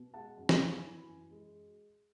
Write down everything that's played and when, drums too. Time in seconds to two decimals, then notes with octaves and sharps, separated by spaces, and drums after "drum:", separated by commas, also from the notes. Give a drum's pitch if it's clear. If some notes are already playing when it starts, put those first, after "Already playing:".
Already playing: B2
0.14 G#3 F#5 A5
0.38 F#2
0.49 G#5 B5, drum: snare
0.61 E3
0.84 E3
1.08 F#2
1.31 G#3